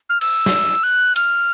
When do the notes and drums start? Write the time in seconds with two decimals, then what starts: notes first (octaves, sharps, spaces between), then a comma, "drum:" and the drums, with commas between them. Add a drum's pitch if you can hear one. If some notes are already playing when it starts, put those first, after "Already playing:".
0.10 F6
0.21 E6, drum: cymbal
0.46 drum: snare
0.83 F#6
1.16 F6, drum: cymbal